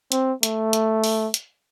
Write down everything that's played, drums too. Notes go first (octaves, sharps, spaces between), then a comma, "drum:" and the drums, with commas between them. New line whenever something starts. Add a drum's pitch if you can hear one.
C4, drum: hi-hat
A3, drum: hi-hat
drum: hi-hat
drum: open hi-hat
drum: hi-hat